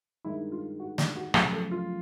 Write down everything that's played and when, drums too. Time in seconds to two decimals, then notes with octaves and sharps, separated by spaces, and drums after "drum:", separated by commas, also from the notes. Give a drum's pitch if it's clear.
0.25 G2 D#3 G#3 E4
0.52 F4
0.80 F#4
0.98 D4, drum: snare
1.16 F#4
1.34 F#2 C#3 F3 A3 G#4, drum: rim click
1.53 A4
1.71 F4